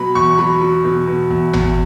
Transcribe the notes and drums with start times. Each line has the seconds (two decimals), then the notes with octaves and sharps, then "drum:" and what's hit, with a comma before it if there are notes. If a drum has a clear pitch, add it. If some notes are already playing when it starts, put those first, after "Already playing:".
Already playing: B2 F#3 B5
0.15 E2 C#6
0.38 F#3 B5
0.61 F#3
0.84 B2
1.07 B2
1.30 E2
1.53 E2, drum: tom G#1